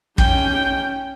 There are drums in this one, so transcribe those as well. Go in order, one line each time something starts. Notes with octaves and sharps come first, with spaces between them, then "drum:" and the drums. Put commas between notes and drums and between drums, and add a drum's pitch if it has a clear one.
C#4 G5, drum: kick